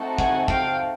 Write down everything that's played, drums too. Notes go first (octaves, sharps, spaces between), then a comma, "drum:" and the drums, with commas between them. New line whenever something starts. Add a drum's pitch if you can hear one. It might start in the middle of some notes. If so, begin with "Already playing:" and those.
Already playing: A3 C4 D#4 F#4 A4
F#5 G#5, drum: kick
F5 G5, drum: kick